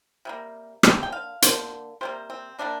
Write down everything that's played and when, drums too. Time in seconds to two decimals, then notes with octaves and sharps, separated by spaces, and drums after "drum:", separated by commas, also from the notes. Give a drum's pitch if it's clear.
0.25 C3 G3 A#3
0.83 D3 A#3 G5, drum: rim click
1.03 G5
1.12 F5
1.42 D3 A#3 C5, drum: hi-hat
2.01 C3 G3 A#3 C5
2.30 C4
2.59 C3 G3 A#3 D4